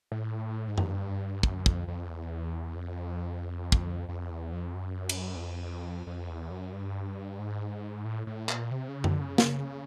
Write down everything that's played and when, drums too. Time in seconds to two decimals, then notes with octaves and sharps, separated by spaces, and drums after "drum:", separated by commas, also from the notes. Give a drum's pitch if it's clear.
0.12 A2
0.68 G#2
0.78 G2, drum: tom F#2
1.43 F#2, drum: kick
1.66 F2, drum: kick
1.88 F2
2.10 E2
2.76 F2
3.72 drum: kick
4.09 F2
4.30 E2
4.52 F2
4.75 F#2
5.09 drum: cymbal
5.36 E2
5.40 F2
6.07 F2
6.29 E2
6.51 F#2
6.73 G2
7.39 G#2
8.05 A2
8.27 A2
8.49 A#2, drum: clap
8.71 C3
8.88 C#3
9.04 D3, drum: tom F#2
9.21 C#3
9.38 drum: snare